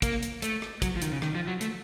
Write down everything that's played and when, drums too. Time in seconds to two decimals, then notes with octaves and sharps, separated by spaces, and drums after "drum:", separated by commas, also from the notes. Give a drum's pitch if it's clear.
0.02 A#3, drum: kick, hi-hat
0.23 drum: hi-hat
0.42 A3, drum: hi-hat
0.62 drum: rim click
0.82 F#3, drum: kick, hi-hat
0.96 F3
1.02 D#3, drum: hi-hat
1.12 C#3
1.22 D#3, drum: rim click
1.35 F3
1.47 F#3
1.61 A3, drum: hi-hat